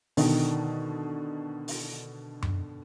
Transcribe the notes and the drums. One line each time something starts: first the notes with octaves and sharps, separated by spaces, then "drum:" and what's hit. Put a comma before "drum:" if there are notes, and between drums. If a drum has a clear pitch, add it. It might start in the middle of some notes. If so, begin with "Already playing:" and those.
B2 D3 D#3, drum: open hi-hat
drum: open hi-hat
drum: tom F#2